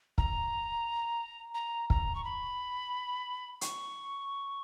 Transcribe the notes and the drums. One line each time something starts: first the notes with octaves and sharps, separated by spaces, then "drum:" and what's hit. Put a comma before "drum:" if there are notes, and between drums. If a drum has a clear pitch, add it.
A#5, drum: kick
A#5
A#5, drum: kick
C#6
B5
C#6, drum: hi-hat